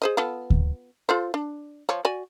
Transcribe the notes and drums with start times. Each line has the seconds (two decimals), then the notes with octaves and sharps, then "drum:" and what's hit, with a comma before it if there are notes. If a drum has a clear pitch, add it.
0.02 G#4 C5 D#5
0.17 B3 F4 A4
0.50 drum: kick D2
1.09 F4 A4 C5
1.34 D4
1.89 F3 C#5
2.05 F#4 D5 G#5